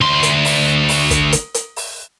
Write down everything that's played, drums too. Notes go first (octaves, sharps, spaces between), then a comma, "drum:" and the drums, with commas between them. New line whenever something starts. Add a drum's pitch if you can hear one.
D2 C6
drum: hi-hat
drum: open hi-hat
drum: open hi-hat
drum: kick, hi-hat
drum: hi-hat
drum: hi-hat
drum: open hi-hat